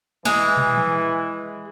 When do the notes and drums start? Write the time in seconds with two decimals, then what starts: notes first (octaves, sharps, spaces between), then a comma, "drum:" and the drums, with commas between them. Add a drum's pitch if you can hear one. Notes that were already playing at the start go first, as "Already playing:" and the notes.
0.25 E3 G#3, drum: snare
0.57 drum: tom
0.77 drum: tom E3